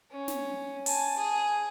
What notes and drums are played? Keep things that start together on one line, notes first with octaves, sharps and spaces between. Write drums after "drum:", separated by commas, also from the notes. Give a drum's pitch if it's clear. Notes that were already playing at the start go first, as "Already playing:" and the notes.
C#4
drum: snare
G#5 A5, drum: open hi-hat
G#4